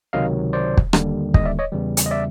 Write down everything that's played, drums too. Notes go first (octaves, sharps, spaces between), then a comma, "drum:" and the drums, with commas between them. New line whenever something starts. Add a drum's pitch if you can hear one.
C#2 C3 D#3 F#3 D#5 F5
C5 D5
drum: kick
D#2 D3 G3, drum: rim click
D#5, drum: kick
D5 E5
C#5 D#5
E2 C#3 E3 G3
drum: hi-hat
D#5
D5 E5